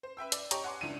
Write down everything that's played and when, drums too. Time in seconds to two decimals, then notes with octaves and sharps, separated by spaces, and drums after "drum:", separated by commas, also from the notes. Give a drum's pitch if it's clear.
0.03 C5
0.17 B4 E5 G5 E6
0.32 D5, drum: hi-hat
0.51 G4 C#5 D#5 G5 A#5 C#6, drum: hi-hat
0.64 F#5 G#5 C6 D6
0.81 C#2 D4 E4 D#7